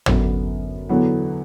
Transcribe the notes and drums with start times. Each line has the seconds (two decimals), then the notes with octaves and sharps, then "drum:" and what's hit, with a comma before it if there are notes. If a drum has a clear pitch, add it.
0.06 F#2 D3 F#3 B3, drum: tom
0.89 E2 D3 F#3 B3